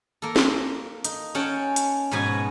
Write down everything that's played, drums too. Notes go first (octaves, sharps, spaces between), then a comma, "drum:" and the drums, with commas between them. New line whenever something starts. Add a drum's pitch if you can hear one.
A#3 A4
drum: snare
D#4, drum: hi-hat
C#4 F#5 G5 A5
drum: hi-hat
G#2 B2 F3 F#4 B4 G#5